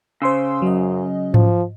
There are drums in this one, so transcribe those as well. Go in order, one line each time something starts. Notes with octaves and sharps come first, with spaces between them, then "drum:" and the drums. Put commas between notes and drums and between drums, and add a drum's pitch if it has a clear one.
C#3 C5 C6 E6
F#2 F#3 D#5
F3, drum: tom G#2